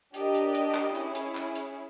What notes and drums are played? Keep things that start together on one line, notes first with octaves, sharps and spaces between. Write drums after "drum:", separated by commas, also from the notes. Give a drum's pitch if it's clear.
D4 G4 A#4 D#5, drum: hi-hat
drum: hi-hat
drum: hi-hat
drum: clap
C#4 E4 G#4, drum: hi-hat
drum: hi-hat
drum: clap
drum: hi-hat